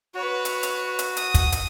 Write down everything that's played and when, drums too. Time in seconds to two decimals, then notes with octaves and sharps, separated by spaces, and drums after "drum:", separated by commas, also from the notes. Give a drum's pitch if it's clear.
0.15 F#4 B4 C#5
0.45 drum: hi-hat
0.63 drum: hi-hat
0.99 drum: hi-hat
1.17 D#6, drum: hi-hat
1.34 drum: kick, hi-hat
1.52 drum: hi-hat